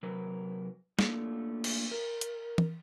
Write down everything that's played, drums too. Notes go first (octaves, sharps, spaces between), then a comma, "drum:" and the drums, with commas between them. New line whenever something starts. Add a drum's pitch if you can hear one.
C3 F#3 A#4 B4
A3 A#3 C#4 D4 F4 A4, drum: snare
drum: cymbal
A#4
drum: hi-hat
drum: tom E3